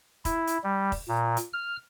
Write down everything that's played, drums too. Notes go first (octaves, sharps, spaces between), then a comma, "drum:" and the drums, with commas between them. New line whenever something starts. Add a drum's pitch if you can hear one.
E4, drum: kick F1, hi-hat
drum: hi-hat
G3
drum: kick F1, open hi-hat
A#2
drum: hi-hat
F6